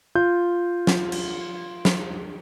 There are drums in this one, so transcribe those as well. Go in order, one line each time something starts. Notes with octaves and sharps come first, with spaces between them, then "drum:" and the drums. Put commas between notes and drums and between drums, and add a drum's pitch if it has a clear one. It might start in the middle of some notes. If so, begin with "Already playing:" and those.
F4 G6
drum: snare
drum: cymbal
drum: snare